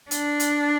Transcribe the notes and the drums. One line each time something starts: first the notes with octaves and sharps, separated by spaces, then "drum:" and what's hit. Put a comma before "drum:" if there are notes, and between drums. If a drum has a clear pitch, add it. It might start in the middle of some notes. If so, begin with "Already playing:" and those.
D4, drum: hi-hat
drum: hi-hat